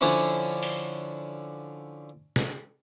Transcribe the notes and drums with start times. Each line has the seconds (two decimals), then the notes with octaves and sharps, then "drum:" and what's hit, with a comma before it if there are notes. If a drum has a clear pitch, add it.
0.01 D3 F3 C#4 D4 E4
0.63 drum: open hi-hat
2.36 drum: snare